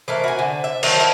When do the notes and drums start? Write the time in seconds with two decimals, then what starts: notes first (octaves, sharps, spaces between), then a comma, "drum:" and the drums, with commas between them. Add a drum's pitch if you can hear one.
0.08 E3 A3 A#4 C5
0.24 F#4 G#5
0.39 D3
0.64 E5
0.83 D#3 F#3 A#4 C5 E5 A5, drum: cymbal
1.00 E4 D5